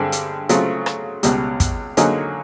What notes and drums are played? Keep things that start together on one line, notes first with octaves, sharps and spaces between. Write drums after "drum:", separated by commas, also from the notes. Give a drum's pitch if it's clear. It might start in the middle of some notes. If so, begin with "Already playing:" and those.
Already playing: G2 D3 G#3 C4
drum: hi-hat
C#3 F#3 A3 C4 F4, drum: hi-hat
drum: rim click
C#2 B2 G3, drum: hi-hat
drum: kick, hi-hat
D3 F#3 A#3 D#4 G#4, drum: hi-hat